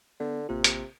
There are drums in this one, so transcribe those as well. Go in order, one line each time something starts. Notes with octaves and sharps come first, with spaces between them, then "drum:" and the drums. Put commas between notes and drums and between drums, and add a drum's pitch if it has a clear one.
D3 B3
A1 C3 A#3 F4
drum: hi-hat